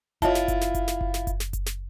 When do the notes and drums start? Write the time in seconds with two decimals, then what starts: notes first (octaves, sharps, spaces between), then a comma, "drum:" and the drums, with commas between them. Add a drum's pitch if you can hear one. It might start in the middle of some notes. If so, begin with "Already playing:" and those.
0.22 E4 F4 C#5 D#5 A5, drum: kick F#1, hi-hat
0.35 drum: snare
0.48 drum: kick F#1, hi-hat
0.61 drum: snare
0.74 drum: kick F#1, hi-hat
0.88 drum: snare
1.01 drum: kick F#1
1.14 drum: snare
1.27 drum: kick F#1, hi-hat
1.40 drum: snare
1.53 drum: kick F#1, hi-hat
1.66 drum: snare